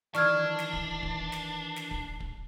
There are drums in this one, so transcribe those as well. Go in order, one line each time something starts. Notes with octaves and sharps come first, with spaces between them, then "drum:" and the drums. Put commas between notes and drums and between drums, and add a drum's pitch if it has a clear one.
D#3 E3 D4 D5 C#6 E6 F6 G#6, drum: snare
drum: snare
drum: kick
drum: kick
drum: snare
drum: snare
drum: kick
drum: kick